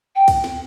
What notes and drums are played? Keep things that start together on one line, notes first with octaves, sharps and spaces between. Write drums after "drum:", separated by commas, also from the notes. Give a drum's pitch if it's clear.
G5
drum: kick C2, cymbal
drum: snare